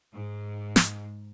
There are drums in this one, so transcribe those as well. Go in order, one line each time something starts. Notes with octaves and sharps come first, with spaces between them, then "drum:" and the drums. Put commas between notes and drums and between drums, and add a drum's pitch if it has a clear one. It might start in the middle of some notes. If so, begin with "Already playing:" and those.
G#2
drum: snare